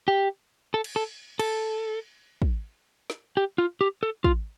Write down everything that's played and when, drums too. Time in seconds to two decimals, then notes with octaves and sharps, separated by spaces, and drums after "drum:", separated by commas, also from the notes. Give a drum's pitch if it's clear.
0.08 G4
0.74 A4
0.84 drum: cymbal
0.96 A4
1.39 A4, drum: cymbal
2.42 drum: kick
3.10 drum: snare
3.37 G4
3.58 F4
3.81 G4
4.03 A4
4.24 F4, drum: kick